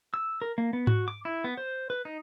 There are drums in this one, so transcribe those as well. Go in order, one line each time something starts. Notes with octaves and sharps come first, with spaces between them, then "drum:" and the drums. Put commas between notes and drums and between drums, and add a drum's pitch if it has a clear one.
E6
A#4
A#3
B3
F#4, drum: tom G#2
D6
E4
B3
C5
B4
D#4